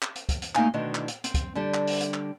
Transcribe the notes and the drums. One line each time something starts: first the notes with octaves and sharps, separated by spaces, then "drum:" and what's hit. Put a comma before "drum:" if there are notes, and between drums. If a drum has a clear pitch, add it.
drum: clap
drum: hi-hat
drum: kick, hi-hat
drum: hi-hat
A3 A#3 D#4 A4 F5 G#5, drum: clap
D2 B2 D3 D#3 E4 D#5
drum: clap
drum: hi-hat
C4, drum: hi-hat
drum: kick, hi-hat
D3 G3 G4 A4
drum: clap
drum: open hi-hat
drum: hi-hat
drum: clap